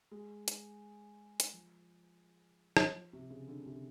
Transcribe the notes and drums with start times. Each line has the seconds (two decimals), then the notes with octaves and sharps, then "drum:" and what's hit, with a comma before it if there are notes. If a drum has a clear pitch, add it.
0.11 G#3
0.48 drum: hi-hat
1.40 drum: hi-hat
1.53 F3
2.77 drum: rim click
2.95 F3
3.13 C3
3.31 C#3
3.48 D3
3.66 C3